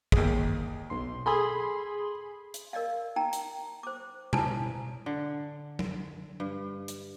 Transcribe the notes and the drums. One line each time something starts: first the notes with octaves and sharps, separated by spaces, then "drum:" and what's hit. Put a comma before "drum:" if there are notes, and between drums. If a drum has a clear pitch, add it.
D#2 G#4, drum: kick
B1 C6
G#4 A4 B5 C6
drum: hi-hat
A#4 D5 D#5 F5
D#4 G5 A#5
drum: hi-hat
C5 D6
D#4 E4 D5 G#5 A5 D#6, drum: tom B2
D3
drum: tom
G2
drum: hi-hat